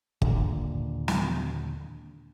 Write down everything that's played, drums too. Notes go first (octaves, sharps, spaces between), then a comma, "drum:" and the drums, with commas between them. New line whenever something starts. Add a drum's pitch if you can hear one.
D#2 A#2 D3, drum: kick
drum: snare